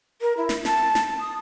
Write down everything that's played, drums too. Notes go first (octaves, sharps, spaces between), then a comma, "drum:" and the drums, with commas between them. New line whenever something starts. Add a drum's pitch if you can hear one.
A#4
E4
drum: snare
A5, drum: snare
drum: snare
D#6